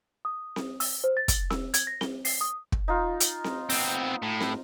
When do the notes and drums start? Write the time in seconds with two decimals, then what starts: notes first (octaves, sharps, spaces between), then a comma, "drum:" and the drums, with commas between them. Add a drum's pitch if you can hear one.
0.25 D#6
0.56 drum: snare C4
0.80 E6, drum: open hi-hat
1.04 C5
1.17 A6
1.28 drum: kick, hi-hat
1.50 E6, drum: snare C4
1.74 G#6, drum: hi-hat
1.87 A#6
2.01 G7, drum: snare C4
2.25 C7, drum: open hi-hat
2.41 D#6
2.72 drum: kick
2.88 D#4 F4
3.20 drum: hi-hat
3.44 drum: snare C4
3.70 B3 C4, drum: open hi-hat
4.23 A2
4.40 drum: snare C4